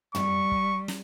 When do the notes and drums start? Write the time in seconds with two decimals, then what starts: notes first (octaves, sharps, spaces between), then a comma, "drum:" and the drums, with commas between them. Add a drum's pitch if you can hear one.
0.15 G3 C#6, drum: tom
0.51 drum: kick
0.88 drum: snare